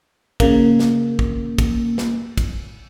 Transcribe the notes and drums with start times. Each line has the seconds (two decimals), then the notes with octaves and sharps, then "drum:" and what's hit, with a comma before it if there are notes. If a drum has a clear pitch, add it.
0.40 C#3 A#3, drum: kick, cymbal
0.79 drum: snare
1.19 drum: kick
1.58 drum: kick, cymbal
1.98 drum: snare
2.37 drum: kick, cymbal